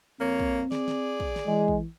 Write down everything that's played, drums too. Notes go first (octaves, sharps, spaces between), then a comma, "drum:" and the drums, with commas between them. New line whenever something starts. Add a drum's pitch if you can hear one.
F2 A#3 C4 C#5
drum: kick
G#4 D5, drum: snare
drum: snare
drum: kick
drum: snare
E3 G#3
drum: kick